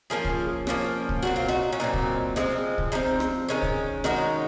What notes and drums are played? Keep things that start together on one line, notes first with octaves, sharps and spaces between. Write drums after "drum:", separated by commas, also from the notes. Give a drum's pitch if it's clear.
F3 A#3 C#4 F4 G#4
drum: kick C2
F3 A#3 C#4, drum: rim click
drum: kick C2
A#2 F#3 C4 F#4
F4
D#4 F#4, drum: rim click
C#4
A#2 F#3 C4 D#4
drum: kick C2
F3 G#3 C4, drum: rim click
drum: kick C2
F3 G#3 C4 D#4
drum: rim click
D#3 G#3 C#4
drum: kick C2
D#3 G#3 C#4 D#4 F#4, drum: rim click